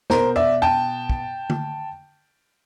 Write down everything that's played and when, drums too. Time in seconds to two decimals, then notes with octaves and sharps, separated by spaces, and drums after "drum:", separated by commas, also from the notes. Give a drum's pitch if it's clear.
0.10 B2 A#4 C5, drum: snare
0.36 D5 E5
0.62 G5 A5
1.10 drum: kick
1.50 drum: tom D3